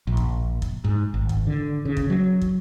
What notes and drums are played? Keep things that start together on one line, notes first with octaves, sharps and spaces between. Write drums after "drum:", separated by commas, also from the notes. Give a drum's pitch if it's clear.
A#1
drum: kick
drum: kick
G#2
G#1
drum: kick
D3
C#3
drum: kick
F#3
drum: kick